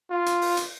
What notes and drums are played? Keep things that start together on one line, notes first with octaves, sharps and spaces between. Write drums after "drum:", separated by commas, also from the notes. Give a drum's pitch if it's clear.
F4
drum: hi-hat
drum: open hi-hat
drum: hi-hat